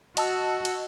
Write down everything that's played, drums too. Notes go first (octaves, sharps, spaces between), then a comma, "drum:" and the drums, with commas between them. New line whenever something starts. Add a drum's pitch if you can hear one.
F#4 D#5 A5 E6, drum: cymbal
drum: cymbal